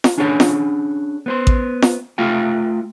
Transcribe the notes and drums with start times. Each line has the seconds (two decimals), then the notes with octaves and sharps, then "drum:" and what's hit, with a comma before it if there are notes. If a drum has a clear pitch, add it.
0.04 drum: snare
0.18 C#4 D4 G#4 C#5 F#5
0.40 drum: snare
1.26 B3 C5 C6
1.47 drum: kick A1
1.82 drum: snare
2.18 A3 F4 F5 G5